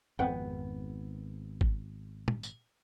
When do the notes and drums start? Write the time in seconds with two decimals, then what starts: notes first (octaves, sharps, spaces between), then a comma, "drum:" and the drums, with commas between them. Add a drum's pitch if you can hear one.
0.19 G#1 F2 B3 F#5 G5
1.61 drum: kick
2.28 drum: tom
2.43 drum: tambourine